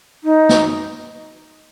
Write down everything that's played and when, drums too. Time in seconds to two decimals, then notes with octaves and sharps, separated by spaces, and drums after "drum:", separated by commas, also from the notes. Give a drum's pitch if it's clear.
0.24 D#4
0.49 drum: snare